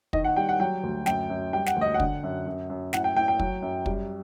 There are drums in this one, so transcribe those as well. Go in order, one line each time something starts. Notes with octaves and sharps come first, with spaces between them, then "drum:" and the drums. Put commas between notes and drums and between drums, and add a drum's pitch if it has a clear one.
D#3 D#5, drum: kick
F#5
G3 G5
F#5
F#3 G5
D2
F#2 G5, drum: snare
F#2
G3 G5
F#5, drum: snare
D2
D#5
F#5
D3, drum: kick
F#2
F#2
F#2
A2 F#5, drum: snare
G5
A2 G5
G5
F#3, drum: kick
F#2
G3, drum: kick